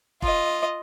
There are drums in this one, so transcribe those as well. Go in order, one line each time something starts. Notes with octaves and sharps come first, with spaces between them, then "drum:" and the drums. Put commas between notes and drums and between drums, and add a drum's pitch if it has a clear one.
F4 D#5, drum: kick